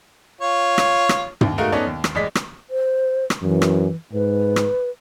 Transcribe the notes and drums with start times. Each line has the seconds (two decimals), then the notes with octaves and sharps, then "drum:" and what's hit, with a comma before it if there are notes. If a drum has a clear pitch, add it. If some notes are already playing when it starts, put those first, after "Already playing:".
0.41 F4 C#5
0.78 drum: rim click
1.09 drum: rim click
1.41 D#2, drum: tom
1.58 G#3 A3 D#4 F#4 A#4 F5
1.72 B3 C#4 D#4 A4 C#5 D5
1.87 D#2
2.04 drum: rim click
2.15 A1 G#3 D5 D#5 B6
2.35 drum: rim click
2.70 C5
3.30 drum: rim click
3.42 F#2 E3
3.62 drum: rim click
4.13 G#2 B4
4.56 drum: rim click